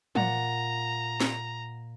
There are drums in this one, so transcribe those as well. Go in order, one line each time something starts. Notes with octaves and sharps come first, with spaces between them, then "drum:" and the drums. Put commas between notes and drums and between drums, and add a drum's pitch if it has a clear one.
A#2 F#5 A#5 A6, drum: tom
drum: snare